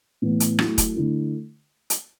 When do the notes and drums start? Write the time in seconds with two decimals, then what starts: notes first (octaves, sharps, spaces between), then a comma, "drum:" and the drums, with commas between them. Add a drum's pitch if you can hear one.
0.22 A2 E3 B3
0.40 drum: hi-hat
0.59 F#3 A3 E4, drum: rim click
0.78 drum: kick E1, hi-hat
0.96 D3 A3 E4
1.90 drum: hi-hat